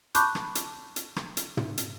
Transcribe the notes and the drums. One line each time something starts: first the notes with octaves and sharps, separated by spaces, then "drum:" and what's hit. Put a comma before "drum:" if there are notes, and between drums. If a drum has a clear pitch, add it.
A5 B5 C#6 D6 F#6 G6, drum: hi-hat
drum: rim click
drum: hi-hat
drum: hi-hat
drum: rim click
drum: hi-hat
drum: tom
drum: hi-hat